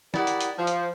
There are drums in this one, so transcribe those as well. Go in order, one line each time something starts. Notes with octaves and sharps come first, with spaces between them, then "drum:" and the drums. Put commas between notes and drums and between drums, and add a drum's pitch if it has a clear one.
E4 G4 A#4 D5 D#5 F#5, drum: snare
drum: hi-hat
drum: hi-hat
F3
drum: hi-hat